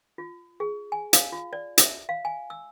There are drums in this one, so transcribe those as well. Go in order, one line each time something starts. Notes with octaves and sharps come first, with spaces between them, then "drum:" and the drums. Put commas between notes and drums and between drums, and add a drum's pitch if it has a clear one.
F4
G#4
G#5
F5, drum: hi-hat
F4
D5
E5, drum: hi-hat
F5
G#5
E6